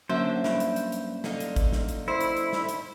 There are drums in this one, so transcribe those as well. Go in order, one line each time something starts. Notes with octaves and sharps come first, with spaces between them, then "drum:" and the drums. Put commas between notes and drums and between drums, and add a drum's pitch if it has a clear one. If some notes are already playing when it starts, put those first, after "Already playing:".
D3 F#3 A#3 C#4 C5 E5
G2, drum: snare
drum: hi-hat
drum: hi-hat
drum: hi-hat
D3 D#4 F4, drum: snare
drum: hi-hat
drum: kick G1, hi-hat
drum: snare
drum: hi-hat
E4 C5
drum: hi-hat
drum: hi-hat
drum: snare
drum: hi-hat